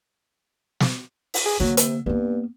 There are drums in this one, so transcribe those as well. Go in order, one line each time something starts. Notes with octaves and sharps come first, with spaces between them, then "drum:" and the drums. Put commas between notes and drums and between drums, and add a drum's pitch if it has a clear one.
drum: snare
drum: open hi-hat
G#4
D3 F#3 A#3
C3, drum: hi-hat
G2 A#3 B3